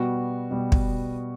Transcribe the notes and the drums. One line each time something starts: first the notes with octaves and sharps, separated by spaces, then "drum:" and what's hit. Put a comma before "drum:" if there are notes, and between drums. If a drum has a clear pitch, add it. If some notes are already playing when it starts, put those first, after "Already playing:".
Already playing: B2 G3 B3 F#4
B2 G3 B3
drum: kick